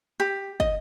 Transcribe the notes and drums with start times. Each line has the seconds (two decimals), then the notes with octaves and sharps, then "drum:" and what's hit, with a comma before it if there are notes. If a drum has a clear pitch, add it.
0.20 G4
0.60 D#5, drum: kick